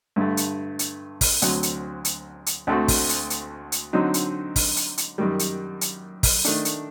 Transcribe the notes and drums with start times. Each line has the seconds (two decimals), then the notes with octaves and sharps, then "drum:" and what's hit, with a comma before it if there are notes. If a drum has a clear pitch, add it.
0.16 G2 D3 A3
0.37 drum: hi-hat
0.79 drum: hi-hat
1.21 drum: kick, open hi-hat
1.42 D2 D3 F#3 C4, drum: hi-hat
1.63 drum: hi-hat
2.05 drum: hi-hat
2.46 drum: hi-hat
2.67 D2 D3 A3 C4 F#4
2.88 drum: kick, open hi-hat
3.09 drum: hi-hat
3.30 drum: hi-hat
3.72 drum: hi-hat
3.93 D3 F#3 C4 D#4
4.14 drum: hi-hat
4.56 drum: kick, open hi-hat
4.77 drum: hi-hat
4.98 drum: hi-hat
5.18 F#2 D#3 G3
5.39 drum: hi-hat
5.81 drum: hi-hat
6.23 drum: kick, open hi-hat
6.45 D#3 A3 D4, drum: hi-hat
6.65 drum: hi-hat